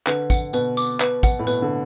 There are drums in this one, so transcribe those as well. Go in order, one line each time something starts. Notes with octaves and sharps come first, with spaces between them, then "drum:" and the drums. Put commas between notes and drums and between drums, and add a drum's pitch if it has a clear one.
D3 B4, drum: clap
F#5, drum: kick, tambourine
B2 B4, drum: tambourine
D6, drum: tambourine
B4, drum: clap
F#5, drum: kick, tambourine
A2
B2 B4, drum: tambourine
D3